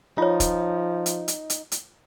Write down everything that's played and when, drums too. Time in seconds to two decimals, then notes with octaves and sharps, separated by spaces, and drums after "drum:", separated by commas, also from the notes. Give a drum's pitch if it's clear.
0.18 F3 D#4 F4 C#5
0.40 drum: kick, hi-hat
1.06 drum: hi-hat
1.28 drum: hi-hat
1.50 drum: hi-hat
1.72 drum: hi-hat